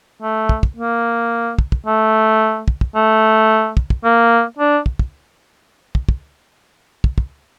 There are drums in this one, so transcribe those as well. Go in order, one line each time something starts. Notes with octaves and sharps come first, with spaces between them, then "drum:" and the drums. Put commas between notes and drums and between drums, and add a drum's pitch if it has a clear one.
A3
drum: kick
drum: kick
A#3
drum: kick
drum: kick
A3
drum: kick
drum: kick
A3
drum: kick
drum: kick
A#3
D4
drum: kick
drum: kick
drum: kick
drum: kick
drum: kick
drum: kick